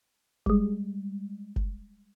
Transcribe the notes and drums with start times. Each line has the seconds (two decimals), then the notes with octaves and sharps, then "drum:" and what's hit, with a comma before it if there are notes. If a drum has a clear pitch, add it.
0.46 G3 G#3, drum: kick F#1
1.56 drum: kick F#1